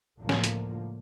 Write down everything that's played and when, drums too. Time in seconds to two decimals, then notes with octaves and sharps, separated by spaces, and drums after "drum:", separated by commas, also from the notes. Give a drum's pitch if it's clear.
0.20 C#2 A2 D3 F3 A#3
0.29 drum: snare
0.44 drum: hi-hat